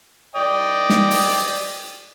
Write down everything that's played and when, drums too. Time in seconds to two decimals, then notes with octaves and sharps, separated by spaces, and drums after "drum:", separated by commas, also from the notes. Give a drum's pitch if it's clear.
0.35 D5 D#5 G5
0.90 drum: snare
1.11 drum: open hi-hat